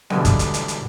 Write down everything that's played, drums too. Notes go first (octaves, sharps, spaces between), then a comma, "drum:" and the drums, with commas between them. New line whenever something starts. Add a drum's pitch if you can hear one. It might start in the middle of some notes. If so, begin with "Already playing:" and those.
B2 D3 E3 G3 G#3, drum: snare B3
drum: kick, hi-hat
drum: hi-hat
drum: hi-hat
drum: hi-hat